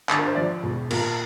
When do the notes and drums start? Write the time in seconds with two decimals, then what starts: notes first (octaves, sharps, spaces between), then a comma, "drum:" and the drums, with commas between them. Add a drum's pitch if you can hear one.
0.09 D3, drum: clap
0.18 A#4
0.27 C5
0.35 F3 D5
0.64 E1
0.90 A#2 A#4, drum: cymbal